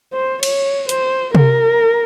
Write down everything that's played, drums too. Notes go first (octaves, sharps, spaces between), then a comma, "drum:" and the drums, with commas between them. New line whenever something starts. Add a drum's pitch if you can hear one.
C5
C#5, drum: cymbal
C5, drum: hi-hat
A#4, drum: tom C3